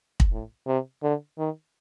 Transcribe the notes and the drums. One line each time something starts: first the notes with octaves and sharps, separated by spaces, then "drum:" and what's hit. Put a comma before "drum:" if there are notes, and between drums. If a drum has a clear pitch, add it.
drum: kick
A2
C3
D3
D#3